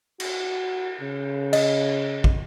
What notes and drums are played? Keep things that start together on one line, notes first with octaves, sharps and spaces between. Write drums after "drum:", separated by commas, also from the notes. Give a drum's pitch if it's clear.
F#4, drum: cymbal
C#3
D#5, drum: cymbal
drum: kick